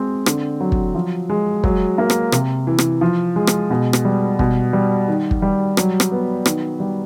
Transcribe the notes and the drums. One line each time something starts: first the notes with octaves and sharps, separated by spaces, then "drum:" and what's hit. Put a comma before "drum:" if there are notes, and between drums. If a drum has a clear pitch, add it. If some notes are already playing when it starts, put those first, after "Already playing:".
Already playing: G#3 C4
D3, drum: rim click
F#3
drum: kick
F3
G#3
F#3, drum: kick
A#3
drum: rim click
C3, drum: rim click
E3
drum: rim click
F3
G#3
drum: rim click
B2
drum: rim click
G3
B2, drum: kick
G3
D#3
drum: kick
G3
F#3, drum: rim click
drum: rim click
B3
D#3, drum: rim click
G3